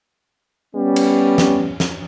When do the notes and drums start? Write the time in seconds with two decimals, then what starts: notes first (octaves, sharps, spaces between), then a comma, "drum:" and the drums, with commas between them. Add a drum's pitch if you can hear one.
0.75 G3 B3 C#4
0.96 drum: cymbal
1.38 drum: snare
1.80 drum: snare